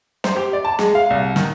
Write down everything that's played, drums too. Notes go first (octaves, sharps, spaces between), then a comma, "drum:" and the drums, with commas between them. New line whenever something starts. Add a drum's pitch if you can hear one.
C5, drum: snare
G4
D5
A5
G#3, drum: snare
F5
C2
D#3, drum: snare